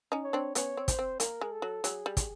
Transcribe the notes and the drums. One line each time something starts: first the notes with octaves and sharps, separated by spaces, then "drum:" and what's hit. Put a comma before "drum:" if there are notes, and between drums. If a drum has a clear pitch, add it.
C#4 D#4
C#5
C4 D4
B3 C#4 C#5, drum: hi-hat
C4
C5, drum: kick, hi-hat
C4
A#3 A#4, drum: hi-hat
G#3
A4
F#3
F#3 G#4, drum: hi-hat
G3
drum: kick, hi-hat